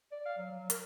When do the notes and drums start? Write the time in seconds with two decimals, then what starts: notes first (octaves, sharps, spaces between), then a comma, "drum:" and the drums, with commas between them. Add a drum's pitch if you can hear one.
0.12 D5
0.25 F5
0.37 F#3
0.51 F#3
0.70 A#4, drum: hi-hat